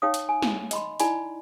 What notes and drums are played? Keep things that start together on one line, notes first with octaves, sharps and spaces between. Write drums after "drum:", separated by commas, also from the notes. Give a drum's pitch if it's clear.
D#4 C#5 F5 G5 D#6
drum: hi-hat
G#5
drum: snare
D#5 B5 C6, drum: hi-hat
D#4 E4 D5 G#5 B5, drum: hi-hat